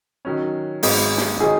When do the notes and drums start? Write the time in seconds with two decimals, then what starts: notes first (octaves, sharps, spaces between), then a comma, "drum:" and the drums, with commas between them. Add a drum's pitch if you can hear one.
0.25 D#3 F#3 C#4
0.83 G#1 G#2 F#3 B3, drum: open hi-hat
1.18 drum: snare
1.40 D#3 F#3 D#4 G#4